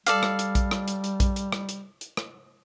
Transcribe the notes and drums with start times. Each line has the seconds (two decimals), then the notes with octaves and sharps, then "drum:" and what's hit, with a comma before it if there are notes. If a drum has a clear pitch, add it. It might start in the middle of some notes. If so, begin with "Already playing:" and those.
0.06 G3 A4 D5 F5, drum: hi-hat
0.23 drum: rim click
0.39 drum: hi-hat
0.55 drum: kick A#1, hi-hat
0.71 drum: rim click
0.88 drum: hi-hat
1.04 drum: hi-hat
1.20 drum: kick A#1, hi-hat
1.36 drum: hi-hat
1.52 drum: rim click
1.69 drum: hi-hat
2.01 drum: hi-hat
2.17 drum: rim click